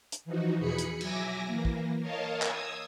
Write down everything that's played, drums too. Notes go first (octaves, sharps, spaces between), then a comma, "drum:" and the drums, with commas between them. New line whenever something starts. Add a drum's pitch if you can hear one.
drum: hi-hat
E3 F3 D#4 F#4
E2 B2 G#4 B5 C#7
drum: hi-hat
F#3 E5 G#5 D6 A#6, drum: cymbal
E3 A#3
drum: kick
A#4 C#5 D#5 F5 A5
D#6 E6 G#6, drum: clap